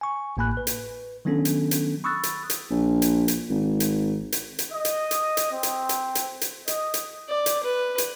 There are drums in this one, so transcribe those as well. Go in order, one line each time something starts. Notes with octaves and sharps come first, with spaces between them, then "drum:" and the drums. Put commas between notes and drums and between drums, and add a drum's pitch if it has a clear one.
G#5 C#6
A1 A2 A#3 G#5 B5 F#6
B4
drum: hi-hat
D#3 F#3 B3 C#4 D4 A4
drum: hi-hat
drum: hi-hat
B5 C#6 D#6 E6 F#6 A6
drum: hi-hat
drum: hi-hat
A#1
drum: hi-hat
drum: hi-hat
G#1
drum: hi-hat
drum: hi-hat
drum: hi-hat
D#5
drum: hi-hat
drum: hi-hat
drum: hi-hat
C4
drum: hi-hat
drum: hi-hat
drum: hi-hat
drum: hi-hat
D#5, drum: hi-hat
drum: hi-hat
D5
drum: hi-hat
B4
drum: hi-hat